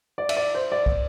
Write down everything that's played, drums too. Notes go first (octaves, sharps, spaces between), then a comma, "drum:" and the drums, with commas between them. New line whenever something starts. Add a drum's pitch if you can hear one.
D5
E5, drum: cymbal
D5
C5
D5
drum: kick